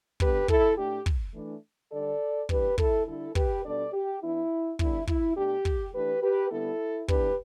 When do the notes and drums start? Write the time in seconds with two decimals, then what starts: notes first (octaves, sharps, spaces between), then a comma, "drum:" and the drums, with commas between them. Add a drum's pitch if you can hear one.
0.20 D3 G3 B3 D4 G4 B4, drum: kick
0.48 E4 A4, drum: kick
0.77 A2 A3 D4 G4
1.06 drum: kick
1.34 E3 A3 D4
1.92 D3 G3 D4 A4 D5
2.49 E3 G3 D4 G4 B4, drum: kick
2.78 E4 A4, drum: kick
3.07 D3 G3 D4 E4 A4
3.35 G4 B4, drum: kick
3.64 B2 G3 D4 A4 D5
3.93 G4
4.21 E3 B3 D4 E4
4.79 D3 G3 B3 D4 E4, drum: kick
5.07 E4, drum: kick
5.37 B2 A3 D4 G4
5.65 drum: kick
5.94 E3 A3 D4 G4 B4
6.22 G4 B4
6.51 D3 G3 B3 D4 E4 A4
7.08 E3 B3 D4 G4 B4, drum: kick